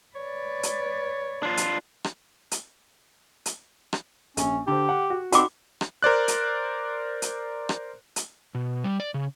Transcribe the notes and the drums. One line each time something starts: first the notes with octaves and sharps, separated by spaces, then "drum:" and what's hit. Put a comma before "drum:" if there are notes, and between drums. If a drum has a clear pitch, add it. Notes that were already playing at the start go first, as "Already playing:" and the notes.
B4 C#5 D5
drum: hi-hat
D4 F4
drum: hi-hat
drum: rim click
drum: hi-hat
drum: hi-hat
drum: rim click
A#1 C#4, drum: hi-hat
D3 G4 C5
F#5
F#4
C4 D#4 F#4 F#5 B5 D6, drum: hi-hat
drum: rim click
A#4 C5 D5 F#6
drum: hi-hat
drum: hi-hat
drum: rim click
drum: hi-hat
B2
G3
D5
C#3